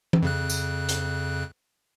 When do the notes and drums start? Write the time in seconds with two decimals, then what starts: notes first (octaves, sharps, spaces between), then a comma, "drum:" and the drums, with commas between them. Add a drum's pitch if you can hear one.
0.13 drum: tom E3
0.22 F2 C#3 F#6
0.49 drum: tambourine
0.89 drum: hi-hat